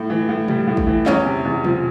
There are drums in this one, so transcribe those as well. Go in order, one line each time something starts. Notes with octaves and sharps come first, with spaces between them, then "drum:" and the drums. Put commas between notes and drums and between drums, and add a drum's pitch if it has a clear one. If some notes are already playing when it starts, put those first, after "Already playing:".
Already playing: A2
E3
A2
G3, drum: tom
A2
drum: kick
E3
E2 C#4, drum: clap
C3
E2
F3, drum: tom